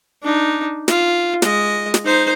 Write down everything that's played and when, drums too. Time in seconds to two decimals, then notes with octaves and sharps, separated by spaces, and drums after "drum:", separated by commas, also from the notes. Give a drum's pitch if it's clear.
0.23 D4 D#4
0.88 F4, drum: snare
1.42 G#3 D#5, drum: snare
1.94 drum: snare
2.05 D#4 C5